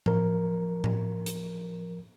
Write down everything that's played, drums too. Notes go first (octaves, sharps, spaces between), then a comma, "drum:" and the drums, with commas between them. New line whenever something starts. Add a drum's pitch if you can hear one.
F3 A#4, drum: tom A2
drum: tom A2
drum: hi-hat